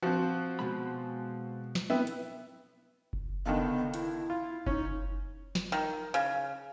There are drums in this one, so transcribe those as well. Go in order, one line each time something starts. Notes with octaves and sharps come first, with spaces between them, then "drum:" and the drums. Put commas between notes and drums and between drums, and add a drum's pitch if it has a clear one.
F3 C4 F#4
B2 G#3 B5
drum: snare
B3 C4 E4 E5
drum: hi-hat
drum: kick F#1
C#2 D3 D#3 B3
E4, drum: hi-hat
F4
C#4 D#4, drum: kick F#1
drum: snare
D#3
C#3